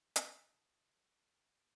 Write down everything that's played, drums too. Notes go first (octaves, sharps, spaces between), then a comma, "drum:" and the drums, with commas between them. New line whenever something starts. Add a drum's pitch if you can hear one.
A4 D#5, drum: hi-hat